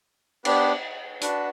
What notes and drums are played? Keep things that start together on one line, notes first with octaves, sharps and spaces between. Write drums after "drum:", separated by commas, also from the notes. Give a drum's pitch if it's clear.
B3 D4 G4 B4, drum: cymbal
D4 F#4 B4 F#5 A5, drum: hi-hat